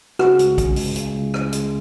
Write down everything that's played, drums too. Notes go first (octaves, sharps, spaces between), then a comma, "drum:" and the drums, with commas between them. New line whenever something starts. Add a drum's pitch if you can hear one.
C#3 F#4, drum: rim click
C#2, drum: hi-hat
C#4, drum: kick, hi-hat
G#3, drum: open hi-hat
C#3, drum: hi-hat
C#2
C#4, drum: rim click
G#3, drum: hi-hat